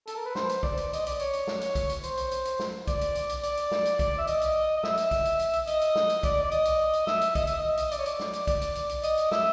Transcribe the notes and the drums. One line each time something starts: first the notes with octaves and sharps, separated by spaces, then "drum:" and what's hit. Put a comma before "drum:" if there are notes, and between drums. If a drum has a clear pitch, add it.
A4, drum: hi-hat
A#4
B4
C5, drum: snare
drum: hi-hat
D5, drum: kick
drum: hi-hat
D#5, drum: hi-hat
D5, drum: hi-hat
C#5, drum: hi-hat
drum: hi-hat
drum: snare
drum: hi-hat
drum: kick, hi-hat
drum: hi-hat
C5, drum: hi-hat
drum: hi-hat
drum: hi-hat
drum: hi-hat
drum: snare
D5, drum: kick, hi-hat
drum: hi-hat
drum: hi-hat
drum: hi-hat
D5, drum: hi-hat
drum: hi-hat
drum: snare
drum: hi-hat
drum: kick, hi-hat
E5
D#5, drum: hi-hat
drum: hi-hat
D#5
E5, drum: snare
drum: hi-hat
drum: kick, hi-hat
drum: hi-hat
drum: hi-hat
drum: hi-hat
D#5, drum: hi-hat
drum: hi-hat
drum: snare
drum: hi-hat
D5, drum: kick, hi-hat
D5
D#5, drum: hi-hat
drum: hi-hat
drum: hi-hat
E5, drum: snare
drum: hi-hat
D#5, drum: kick, hi-hat
E5, drum: hi-hat
D#5
drum: hi-hat
D5, drum: hi-hat
C#5
D5, drum: hi-hat
drum: snare
drum: hi-hat
D5, drum: kick, hi-hat
drum: hi-hat
drum: hi-hat
drum: hi-hat
D#5, drum: hi-hat
drum: hi-hat
E5, drum: snare